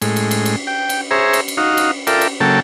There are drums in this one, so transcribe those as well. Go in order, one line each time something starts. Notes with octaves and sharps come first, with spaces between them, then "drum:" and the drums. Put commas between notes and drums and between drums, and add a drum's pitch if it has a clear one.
A2 G#3, drum: cymbal
drum: cymbal
drum: cymbal
drum: cymbal
G5
drum: cymbal
G#4 C5 C#5 E5 A#5
drum: cymbal
drum: cymbal
D#4 F#4 F5
drum: cymbal
F4 A4 A#4 D5 E5 G5, drum: cymbal
drum: cymbal
C#3 F#3 A#3 A4 G5 A5